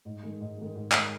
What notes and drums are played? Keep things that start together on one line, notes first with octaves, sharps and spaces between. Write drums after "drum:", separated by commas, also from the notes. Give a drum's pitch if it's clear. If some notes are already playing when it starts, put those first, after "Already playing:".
G#2
D#3 G#3
G#2
D#3 G#3
G#2
D#3 G#3, drum: clap